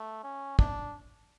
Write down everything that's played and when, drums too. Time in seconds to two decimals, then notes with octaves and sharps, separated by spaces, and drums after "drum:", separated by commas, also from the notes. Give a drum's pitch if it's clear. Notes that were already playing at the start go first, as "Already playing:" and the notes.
Already playing: A3
0.23 C#4
0.59 D4, drum: kick